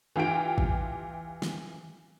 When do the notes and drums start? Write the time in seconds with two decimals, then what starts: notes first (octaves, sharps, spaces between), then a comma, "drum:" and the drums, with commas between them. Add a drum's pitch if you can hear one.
0.16 E3 F4 G4 G5 D7
0.58 drum: kick
1.42 drum: snare